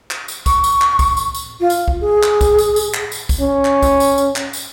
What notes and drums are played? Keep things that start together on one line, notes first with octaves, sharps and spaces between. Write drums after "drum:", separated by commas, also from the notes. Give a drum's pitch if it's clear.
drum: clap
drum: tambourine
C#6, drum: kick, tambourine
drum: tambourine
drum: clap
drum: kick, tambourine
drum: tambourine
drum: tambourine
F4
drum: tambourine
drum: kick
G#4
drum: clap
drum: kick, tambourine
drum: tambourine
drum: tambourine
drum: clap
drum: tambourine
drum: kick, tambourine
C#4
drum: clap
drum: kick, tambourine
drum: tambourine
drum: tambourine
drum: clap
drum: tambourine